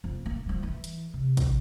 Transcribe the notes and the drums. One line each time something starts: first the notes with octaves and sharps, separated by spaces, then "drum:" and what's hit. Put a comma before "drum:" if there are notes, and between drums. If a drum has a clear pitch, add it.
F2
A#3
F3 G3
E3
drum: hi-hat
C3
drum: kick, hi-hat